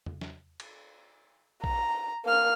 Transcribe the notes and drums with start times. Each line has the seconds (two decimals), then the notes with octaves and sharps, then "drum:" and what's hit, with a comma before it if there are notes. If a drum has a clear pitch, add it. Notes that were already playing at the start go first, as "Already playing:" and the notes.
0.06 drum: tom
0.21 drum: snare
0.60 drum: cymbal
1.64 A#5, drum: kick
2.25 A#3 F6